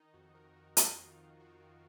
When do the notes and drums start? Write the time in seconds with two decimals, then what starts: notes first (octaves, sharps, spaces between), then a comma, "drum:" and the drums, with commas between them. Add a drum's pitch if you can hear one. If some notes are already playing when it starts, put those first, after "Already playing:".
Already playing: D#3 D#4
0.14 F2 F#4
0.35 F2 A#4
0.56 D#3 F#4
0.77 D#3 F4, drum: hi-hat
0.98 F2 F4
1.09 F4
1.18 F2 D#4
1.40 D#3 F#4
1.61 D#3